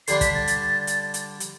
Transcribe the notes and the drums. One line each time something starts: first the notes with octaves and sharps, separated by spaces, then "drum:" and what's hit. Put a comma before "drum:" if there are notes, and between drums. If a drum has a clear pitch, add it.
D3 G3 D4 C7, drum: hi-hat
B6, drum: kick, hi-hat
A6
drum: hi-hat
drum: hi-hat
drum: hi-hat
drum: hi-hat